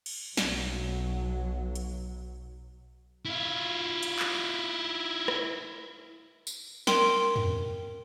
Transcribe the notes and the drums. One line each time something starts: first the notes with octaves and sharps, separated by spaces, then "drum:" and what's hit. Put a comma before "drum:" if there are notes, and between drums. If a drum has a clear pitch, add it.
drum: cymbal
B1 F#3, drum: snare
drum: hi-hat
E4 F4
drum: hi-hat
drum: clap
drum: rim click
drum: tambourine
A#4 G5 C6, drum: snare
drum: tom